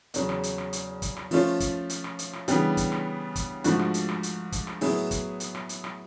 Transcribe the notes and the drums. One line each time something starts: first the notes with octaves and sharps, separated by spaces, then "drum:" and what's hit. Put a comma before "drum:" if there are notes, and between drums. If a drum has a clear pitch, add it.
E2 C#3 F#3, drum: hi-hat
drum: rim click
drum: hi-hat
drum: rim click
drum: hi-hat
drum: kick, hi-hat
drum: rim click
F3 A3 C#4 F4, drum: open hi-hat
drum: kick, hi-hat
drum: hi-hat
drum: rim click
drum: hi-hat
drum: rim click
C#3 E3 G3 B3 D4, drum: hi-hat
drum: kick, hi-hat
drum: rim click
drum: kick, hi-hat
G#2 F3 A3 D4 F#4, drum: hi-hat
drum: rim click
drum: hi-hat
drum: rim click
drum: hi-hat
drum: kick, hi-hat
drum: rim click
A2 F#3 B3 E4 G#4, drum: open hi-hat
drum: kick, hi-hat
drum: hi-hat
drum: rim click
drum: hi-hat
drum: rim click